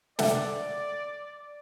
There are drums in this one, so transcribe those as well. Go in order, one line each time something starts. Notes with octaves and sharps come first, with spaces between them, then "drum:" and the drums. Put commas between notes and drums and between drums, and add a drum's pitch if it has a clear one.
A4 D5 E5 F#5, drum: snare